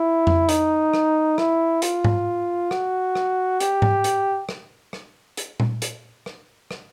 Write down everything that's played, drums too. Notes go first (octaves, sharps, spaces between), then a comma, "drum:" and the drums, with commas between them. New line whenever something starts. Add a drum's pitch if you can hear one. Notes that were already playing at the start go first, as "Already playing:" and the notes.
Already playing: E4
drum: tom F2
D#4, drum: hi-hat
drum: rim click
E4, drum: rim click
F4, drum: hi-hat
drum: tom G#2
F#4, drum: rim click
drum: rim click
G4, drum: hi-hat
drum: tom G#2
drum: hi-hat
drum: rim click
drum: rim click
drum: hi-hat
drum: tom A#2
drum: hi-hat
drum: rim click
drum: rim click